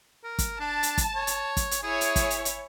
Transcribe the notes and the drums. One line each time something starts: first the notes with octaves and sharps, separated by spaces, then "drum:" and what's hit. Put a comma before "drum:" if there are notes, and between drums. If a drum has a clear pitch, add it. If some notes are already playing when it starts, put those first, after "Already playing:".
A#4
drum: kick, hi-hat
D4 A5
drum: hi-hat
drum: kick, hi-hat
C#5
drum: hi-hat
drum: kick, hi-hat
drum: hi-hat
E4 G#4 C#5 G#5
drum: hi-hat
drum: kick, hi-hat
drum: hi-hat
drum: hi-hat